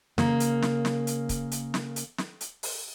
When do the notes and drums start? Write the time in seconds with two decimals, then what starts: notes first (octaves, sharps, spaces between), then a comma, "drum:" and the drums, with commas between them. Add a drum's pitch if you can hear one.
0.18 C#3 A#3, drum: snare
0.40 drum: hi-hat
0.62 drum: snare
0.85 drum: snare
1.07 drum: hi-hat
1.29 drum: kick, hi-hat
1.51 drum: hi-hat
1.74 drum: snare
1.96 drum: hi-hat
2.18 drum: snare
2.41 drum: hi-hat
2.63 drum: open hi-hat